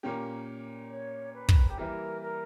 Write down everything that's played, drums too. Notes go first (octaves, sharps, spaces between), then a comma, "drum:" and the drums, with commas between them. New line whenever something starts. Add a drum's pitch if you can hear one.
A#2 A#3 C#4 G4
C#5
B4
drum: kick
G4
E3 G3 A#3 E4 A#4 B4
A#4